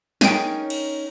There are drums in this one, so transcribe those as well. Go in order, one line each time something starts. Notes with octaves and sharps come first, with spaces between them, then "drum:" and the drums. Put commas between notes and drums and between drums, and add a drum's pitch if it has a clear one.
C#4 D#4 G#4 A#4 C#5 G5 D7 D#7, drum: snare
drum: cymbal